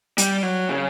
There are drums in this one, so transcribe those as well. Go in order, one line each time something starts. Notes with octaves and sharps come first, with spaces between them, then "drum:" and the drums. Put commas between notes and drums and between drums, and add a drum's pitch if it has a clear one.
G3, drum: hi-hat
F#3
C#3